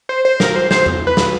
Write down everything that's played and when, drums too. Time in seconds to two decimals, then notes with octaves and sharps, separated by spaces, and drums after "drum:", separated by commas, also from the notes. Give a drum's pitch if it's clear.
0.09 C5
0.25 C5
0.40 A#4, drum: snare
0.56 C5
0.71 C5, drum: snare
0.86 drum: tom E2
1.07 B4
1.17 drum: snare